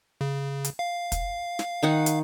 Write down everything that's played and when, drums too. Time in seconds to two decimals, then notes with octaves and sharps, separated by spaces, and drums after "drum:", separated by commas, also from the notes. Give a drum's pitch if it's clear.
0.21 C#3
0.64 drum: hi-hat
0.79 F5
1.12 drum: kick, hi-hat
1.59 drum: snare
1.83 D#3 D#4 F#5
2.06 drum: hi-hat